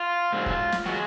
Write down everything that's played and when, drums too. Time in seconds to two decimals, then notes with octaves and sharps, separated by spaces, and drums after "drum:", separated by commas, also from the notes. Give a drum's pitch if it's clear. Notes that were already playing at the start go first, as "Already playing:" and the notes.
Already playing: F4
0.32 G#2 F#3
0.46 drum: kick F1
0.72 drum: snare
0.86 F3 F#3 G#3 F#4